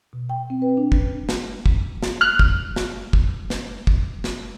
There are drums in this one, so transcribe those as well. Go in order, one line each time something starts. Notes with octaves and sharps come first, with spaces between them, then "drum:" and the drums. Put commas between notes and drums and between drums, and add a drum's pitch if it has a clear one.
B2
G5
C4
B4
D4
drum: kick
drum: snare
drum: kick
drum: snare
F6 F#6
drum: kick
drum: snare
drum: kick
drum: snare
drum: kick
drum: snare